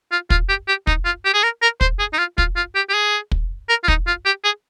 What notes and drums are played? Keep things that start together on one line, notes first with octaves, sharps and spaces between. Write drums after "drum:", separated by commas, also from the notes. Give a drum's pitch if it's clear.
F4
F4, drum: kick
G4
G4
D#4, drum: kick
F4
G4
G#4
A#4
A#4
C5, drum: kick
G#4
D#4
F4
F4, drum: kick
F4
G4
G4
G#4
drum: kick
A#4
F4
D#4, drum: kick
F4
G4
G#4